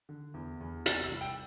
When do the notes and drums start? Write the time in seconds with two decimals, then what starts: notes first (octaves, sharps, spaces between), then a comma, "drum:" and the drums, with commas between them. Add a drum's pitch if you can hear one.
0.09 D3
0.34 E2
0.61 E2
0.86 C3 A6, drum: hi-hat
1.04 E6
1.12 G3
1.21 G5